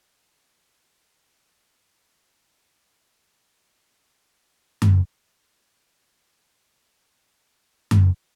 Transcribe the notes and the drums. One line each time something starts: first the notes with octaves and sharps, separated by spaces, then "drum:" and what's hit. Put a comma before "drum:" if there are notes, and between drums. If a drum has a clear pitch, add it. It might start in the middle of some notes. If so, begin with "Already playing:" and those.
F5
C5
B4 C5
D4 E5
C4
A#3
D5 F5
F#5 E6 F6
F3
drum: tom F#2
D#3 G3 D5 F5 F#5
C4 F4 B4
C#2 C#3 F3 D#4 G#4 F#5
A4 G5
drum: tom F#2